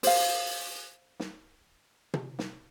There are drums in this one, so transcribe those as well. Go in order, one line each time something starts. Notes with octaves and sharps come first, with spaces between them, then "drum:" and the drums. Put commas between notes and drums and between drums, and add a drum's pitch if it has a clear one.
C5 F5, drum: open hi-hat
drum: snare
drum: tom
drum: snare